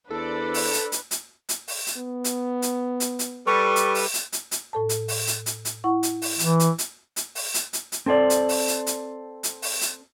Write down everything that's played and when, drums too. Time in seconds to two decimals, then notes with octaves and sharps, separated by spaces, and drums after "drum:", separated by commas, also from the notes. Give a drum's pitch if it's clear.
0.10 E2 D4 A4 B4 C5 D5
0.54 drum: open hi-hat
0.73 drum: hi-hat
0.92 drum: hi-hat
1.11 drum: hi-hat
1.49 drum: hi-hat
1.68 drum: open hi-hat
1.87 drum: hi-hat
1.97 B3
2.24 drum: hi-hat
2.62 drum: hi-hat
3.00 drum: hi-hat
3.19 drum: hi-hat
3.47 G3 A4 B4 C#6
3.76 drum: hi-hat
3.95 drum: open hi-hat
4.14 drum: hi-hat
4.33 drum: hi-hat
4.51 drum: hi-hat
4.73 A2 A4 A5
4.89 drum: hi-hat
5.08 drum: open hi-hat
5.27 drum: hi-hat
5.46 drum: hi-hat
5.65 drum: hi-hat
5.84 E4 F#5 C#6
6.03 drum: hi-hat
6.22 drum: open hi-hat
6.39 E3, drum: hi-hat
6.60 drum: hi-hat
6.78 drum: hi-hat
7.16 drum: hi-hat
7.35 drum: open hi-hat
7.54 drum: hi-hat
7.73 drum: hi-hat
7.92 drum: hi-hat
8.06 C4 A4 C5 D5
8.30 drum: hi-hat
8.49 drum: open hi-hat
8.68 drum: hi-hat
8.87 drum: hi-hat
9.43 drum: hi-hat
9.62 drum: open hi-hat
9.81 drum: hi-hat